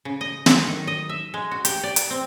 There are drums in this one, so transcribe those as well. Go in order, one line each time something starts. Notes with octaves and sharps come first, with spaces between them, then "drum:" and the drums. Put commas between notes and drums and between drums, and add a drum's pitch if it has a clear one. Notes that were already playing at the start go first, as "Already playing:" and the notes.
C#3
D#5
F#3, drum: snare
D#3
D#5
E5
G#3
F#4
G4, drum: hi-hat
D5
drum: hi-hat
C4